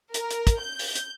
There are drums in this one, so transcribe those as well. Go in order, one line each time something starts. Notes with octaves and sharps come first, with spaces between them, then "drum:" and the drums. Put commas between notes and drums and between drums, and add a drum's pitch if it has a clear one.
A#4, drum: hi-hat
drum: hi-hat
drum: kick, hi-hat
G6
drum: open hi-hat
drum: hi-hat